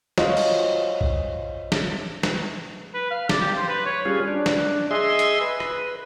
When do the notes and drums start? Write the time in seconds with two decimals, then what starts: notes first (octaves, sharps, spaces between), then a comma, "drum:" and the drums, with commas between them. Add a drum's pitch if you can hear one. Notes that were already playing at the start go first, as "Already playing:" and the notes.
0.18 F4 F#4 C5 C#5 D#5 F5, drum: snare
0.37 drum: cymbal
1.01 drum: kick A1
1.72 drum: snare
2.23 drum: snare
2.94 B4
3.11 F5
3.29 D5, drum: snare
3.41 G4
3.56 C5
3.69 B4
3.86 C#5
4.05 G3 C#4 F4 G#4
4.28 D4
4.46 drum: snare
4.91 G#4 D#5 E5 C6
5.19 drum: hi-hat
5.41 B4
5.60 drum: rim click